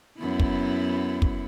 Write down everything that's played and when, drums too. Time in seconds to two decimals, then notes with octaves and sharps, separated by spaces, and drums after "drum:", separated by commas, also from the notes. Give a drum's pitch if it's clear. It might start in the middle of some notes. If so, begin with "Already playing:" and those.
0.19 F#2 B3 E4
0.40 drum: kick
1.22 drum: kick